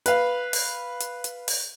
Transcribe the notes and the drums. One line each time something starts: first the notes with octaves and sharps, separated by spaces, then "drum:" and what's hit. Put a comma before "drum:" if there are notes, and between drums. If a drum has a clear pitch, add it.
B4 F5, drum: hi-hat
drum: open hi-hat
drum: hi-hat
drum: hi-hat
drum: open hi-hat